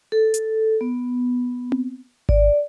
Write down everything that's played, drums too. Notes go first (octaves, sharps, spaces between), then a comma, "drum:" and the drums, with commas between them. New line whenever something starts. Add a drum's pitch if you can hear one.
A4
drum: hi-hat
B3
drum: tom C4
D5, drum: kick G#1